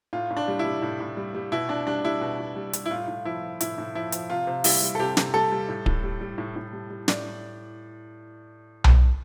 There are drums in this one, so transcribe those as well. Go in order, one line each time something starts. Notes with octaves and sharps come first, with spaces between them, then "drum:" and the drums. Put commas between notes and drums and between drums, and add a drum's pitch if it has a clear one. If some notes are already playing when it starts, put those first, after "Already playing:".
A2 F4
A2
D4
G3
E4
G3
A2
A2
G3
G3
B2 E4
B2 D4
G3 D4
G3 E4
B2
B2
G3
G3, drum: hi-hat
E4
A2 F4
A2
F3 E4
F3
A2 E4, drum: hi-hat
A2
F3 E4
F3, drum: hi-hat
C3 F4
C3
G3 E4, drum: open hi-hat
G3
A4
C3 G4
C3, drum: snare
G3 A4
G3
A2
A2, drum: kick D1
G3
G3
A2
A2
G3
G3
A2 D5, drum: snare
drum: tom B1